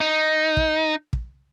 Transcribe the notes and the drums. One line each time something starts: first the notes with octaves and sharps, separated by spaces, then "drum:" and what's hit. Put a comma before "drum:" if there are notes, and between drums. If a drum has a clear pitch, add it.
D#4
drum: kick
drum: kick